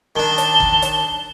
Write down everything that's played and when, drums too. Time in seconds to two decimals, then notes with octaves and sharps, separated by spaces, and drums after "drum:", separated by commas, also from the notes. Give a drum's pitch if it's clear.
0.16 D#3 D4 A5 G7
0.38 drum: hi-hat
0.60 drum: kick
0.82 drum: hi-hat